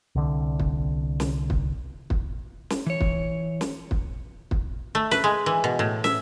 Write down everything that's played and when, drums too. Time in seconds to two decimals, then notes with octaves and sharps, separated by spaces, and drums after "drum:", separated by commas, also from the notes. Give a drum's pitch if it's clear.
0.15 C2 D3
0.59 drum: kick
1.20 drum: snare
1.50 drum: kick
2.10 drum: kick
2.70 drum: snare
2.87 E3 C#5
3.01 drum: kick
3.61 drum: snare
3.91 drum: kick
4.51 drum: kick
4.95 A3
5.11 B4, drum: snare
5.24 G#3
5.46 E3
5.64 B2
5.79 A2
6.04 E5, drum: snare